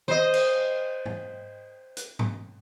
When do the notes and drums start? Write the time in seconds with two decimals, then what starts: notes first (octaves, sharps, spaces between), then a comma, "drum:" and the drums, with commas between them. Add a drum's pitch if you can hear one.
0.08 C5 D#5, drum: tom D#3
0.34 drum: cymbal
1.06 drum: tom
1.97 drum: hi-hat
2.19 drum: tom G#2